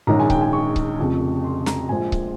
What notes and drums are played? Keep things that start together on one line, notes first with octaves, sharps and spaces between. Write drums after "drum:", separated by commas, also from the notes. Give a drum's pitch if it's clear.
A#1 G#2 D#3 G#3 C#4 A#5
G#5
G5, drum: kick C#1
G#5
C#6
drum: kick C#1
F1 F2 C#3 F3
C6
A#5, drum: snare
A#1 A#2 F3 G#3 C4 G#5
drum: kick C#1